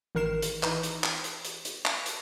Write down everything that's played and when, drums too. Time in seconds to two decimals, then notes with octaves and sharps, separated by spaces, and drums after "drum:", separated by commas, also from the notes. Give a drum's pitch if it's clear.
0.15 A1 D#3 A#4 C7 E7
0.42 drum: hi-hat
0.63 E3 D#4, drum: clap
0.83 drum: hi-hat
1.04 drum: clap
1.24 drum: hi-hat
1.45 drum: hi-hat
1.65 drum: hi-hat
1.85 drum: clap
2.06 drum: hi-hat